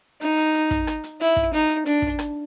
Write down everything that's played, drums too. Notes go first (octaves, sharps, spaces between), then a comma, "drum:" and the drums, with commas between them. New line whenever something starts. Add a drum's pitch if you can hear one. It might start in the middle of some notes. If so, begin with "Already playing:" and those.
D#4, drum: hi-hat
drum: hi-hat
drum: hi-hat
drum: kick, hi-hat
drum: rim click
drum: hi-hat
E4, drum: hi-hat
drum: kick
D#4, drum: hi-hat
drum: hi-hat
D4, drum: hi-hat
drum: kick
drum: rim click